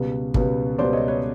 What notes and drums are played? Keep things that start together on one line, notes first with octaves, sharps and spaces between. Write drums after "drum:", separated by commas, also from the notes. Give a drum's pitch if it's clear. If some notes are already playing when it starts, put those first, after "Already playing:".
Already playing: C#2 B2 G3 B3
C#2 B2 G3 B3, drum: kick
C#2 B2 G3 B3 C5 D5
C#5 D#5
B4 C#5